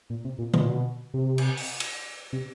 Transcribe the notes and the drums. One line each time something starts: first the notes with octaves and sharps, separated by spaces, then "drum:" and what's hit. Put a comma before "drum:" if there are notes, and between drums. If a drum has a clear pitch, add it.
A#2
C3
A#2
B2, drum: tom D3
A#2
B2
C3
drum: cymbal
drum: open hi-hat
drum: cymbal
C3